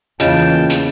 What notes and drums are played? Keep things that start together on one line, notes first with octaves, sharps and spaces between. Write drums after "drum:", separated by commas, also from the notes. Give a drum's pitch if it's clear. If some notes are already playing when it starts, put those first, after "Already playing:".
E2 C#3 E3 A#3 F4 D#5 G5 A5, drum: hi-hat
drum: hi-hat